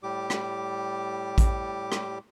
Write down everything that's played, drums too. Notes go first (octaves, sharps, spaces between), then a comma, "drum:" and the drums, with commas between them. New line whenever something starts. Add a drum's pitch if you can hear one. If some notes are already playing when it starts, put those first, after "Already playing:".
A2 G3 G4 D6
drum: rim click
drum: kick A1, hi-hat
drum: rim click